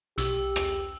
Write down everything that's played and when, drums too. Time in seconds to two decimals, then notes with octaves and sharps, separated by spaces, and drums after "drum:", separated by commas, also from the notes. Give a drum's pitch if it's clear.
0.18 B1 G4 E6, drum: hi-hat
0.56 drum: rim click